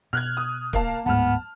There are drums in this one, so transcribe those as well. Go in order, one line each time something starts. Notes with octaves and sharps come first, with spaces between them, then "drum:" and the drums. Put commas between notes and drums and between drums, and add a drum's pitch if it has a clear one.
B2 F6 F#6 G#6
D#6
A#3 F5 A5, drum: kick
D1 G#2 B3 A5 F6